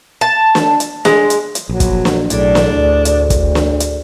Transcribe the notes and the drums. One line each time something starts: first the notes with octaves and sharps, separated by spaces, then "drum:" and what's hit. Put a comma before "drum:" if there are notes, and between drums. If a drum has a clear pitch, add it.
A5
drum: snare
drum: hi-hat
G#3, drum: snare
drum: hi-hat
drum: hi-hat
A#1 F#3
drum: kick, hi-hat
drum: snare
B1 A2 D4 G#4 A4 D5, drum: hi-hat
drum: snare
D2
drum: hi-hat
drum: kick, hi-hat
drum: snare
drum: hi-hat